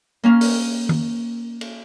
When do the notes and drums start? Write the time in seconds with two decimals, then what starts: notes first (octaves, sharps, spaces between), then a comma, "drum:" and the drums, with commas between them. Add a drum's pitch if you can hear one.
0.24 A#3 C#4 F5
0.41 drum: open hi-hat
0.89 drum: tom D#3
1.61 drum: cymbal